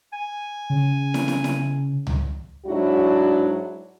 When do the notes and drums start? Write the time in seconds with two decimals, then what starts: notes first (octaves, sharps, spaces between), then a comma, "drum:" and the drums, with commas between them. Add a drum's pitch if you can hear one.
0.13 G#5
0.70 C#3
1.14 drum: snare
1.28 drum: snare
1.44 drum: snare
2.07 drum: tom C#2
2.66 G#2 F#3 D4 E4 F#4